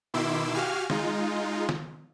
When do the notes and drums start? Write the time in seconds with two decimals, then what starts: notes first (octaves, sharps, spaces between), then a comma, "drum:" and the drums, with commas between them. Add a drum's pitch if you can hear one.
0.14 B2 D#3 E4 C6 D6 E6
0.55 F#4 G4 F5 G#5 F6
0.90 G#3 D#4 F4, drum: snare
1.69 drum: snare